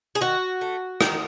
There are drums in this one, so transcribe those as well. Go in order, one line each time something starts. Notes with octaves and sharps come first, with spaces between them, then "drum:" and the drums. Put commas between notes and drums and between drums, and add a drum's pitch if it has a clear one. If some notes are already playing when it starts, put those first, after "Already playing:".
G#4
D#3 F#4
A3
D#3, drum: rim click